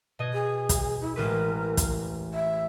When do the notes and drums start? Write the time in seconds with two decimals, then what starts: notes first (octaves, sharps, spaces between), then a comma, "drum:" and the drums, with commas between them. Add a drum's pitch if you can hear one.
0.19 B2 D#5 G#6
0.33 G#4
0.69 drum: kick, hi-hat
1.01 E4
1.16 A1 G#3 A#4 B4
1.77 drum: kick, hi-hat
2.34 E5